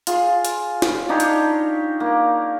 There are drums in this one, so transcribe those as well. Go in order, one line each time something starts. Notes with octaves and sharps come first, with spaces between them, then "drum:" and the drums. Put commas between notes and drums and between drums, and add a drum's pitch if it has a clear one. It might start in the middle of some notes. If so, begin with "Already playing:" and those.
F4 G#4, drum: hi-hat
drum: hi-hat
drum: snare
D4 D#4 G4 C#5
drum: hi-hat
A#3